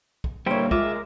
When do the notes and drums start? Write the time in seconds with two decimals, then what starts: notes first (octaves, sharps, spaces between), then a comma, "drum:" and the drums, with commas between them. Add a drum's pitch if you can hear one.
0.24 drum: kick
0.46 A#2 D3 G3 A#3 E4 C5 C#5 G5
0.71 G#3 F4 A#4 E5 D6, drum: kick